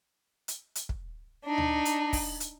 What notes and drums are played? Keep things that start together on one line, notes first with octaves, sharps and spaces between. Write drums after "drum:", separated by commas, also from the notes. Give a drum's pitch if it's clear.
drum: hi-hat
drum: hi-hat
drum: kick
D4 D#4
drum: tom D2
drum: hi-hat
drum: kick, open hi-hat
drum: hi-hat